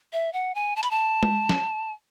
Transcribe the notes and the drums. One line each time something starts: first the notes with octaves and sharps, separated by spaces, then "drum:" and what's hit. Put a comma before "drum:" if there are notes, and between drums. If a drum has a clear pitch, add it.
E5
F#5
G#5
A5
B5, drum: hi-hat
A5
drum: tom G#3
drum: snare